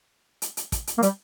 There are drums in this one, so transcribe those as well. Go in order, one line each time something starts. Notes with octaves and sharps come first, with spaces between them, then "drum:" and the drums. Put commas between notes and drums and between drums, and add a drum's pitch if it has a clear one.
drum: hi-hat
drum: hi-hat
drum: kick, hi-hat
drum: hi-hat
A#3
G3, drum: hi-hat